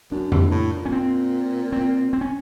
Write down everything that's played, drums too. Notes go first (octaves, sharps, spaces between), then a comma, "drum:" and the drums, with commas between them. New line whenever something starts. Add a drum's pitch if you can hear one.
F#2 D4
G2, drum: tom F2
A2
A#2
C#4
C4
C4
C4
C#4